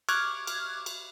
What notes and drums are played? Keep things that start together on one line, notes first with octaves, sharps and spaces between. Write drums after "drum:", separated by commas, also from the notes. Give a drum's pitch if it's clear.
C#6 D6 F6 F#6 G#6, drum: cymbal
drum: cymbal
drum: cymbal